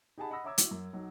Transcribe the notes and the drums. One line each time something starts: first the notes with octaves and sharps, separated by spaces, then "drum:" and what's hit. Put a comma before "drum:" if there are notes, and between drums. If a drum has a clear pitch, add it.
D#4 G4 G#4 F#5 A5 B5
D#5 F#5 B5 D#6 E6 A#6
C#5 E5 A#5 D6 E6 G#6
E4 F#4, drum: hi-hat
F#2
B1 F#3 D#4